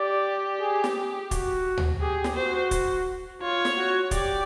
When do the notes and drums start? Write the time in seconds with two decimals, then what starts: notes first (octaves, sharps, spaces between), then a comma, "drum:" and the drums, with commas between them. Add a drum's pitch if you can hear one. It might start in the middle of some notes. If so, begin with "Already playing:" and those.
Already playing: G4 D5
0.60 G#4
0.84 drum: snare
1.31 F#4, drum: kick, hi-hat
1.77 drum: tom D2
2.01 G4 G#4
2.24 drum: snare
2.36 F#4 C5
2.71 drum: kick, hi-hat
3.41 F4 C#5
3.65 drum: snare
3.77 F#4
4.11 G4 D5, drum: kick, hi-hat